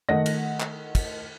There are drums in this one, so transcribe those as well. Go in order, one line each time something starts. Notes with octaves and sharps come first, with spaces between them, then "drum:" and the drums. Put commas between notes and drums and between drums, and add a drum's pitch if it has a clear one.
D#3 A3 D#5 F#5 A#6
drum: cymbal
drum: clap
drum: kick, cymbal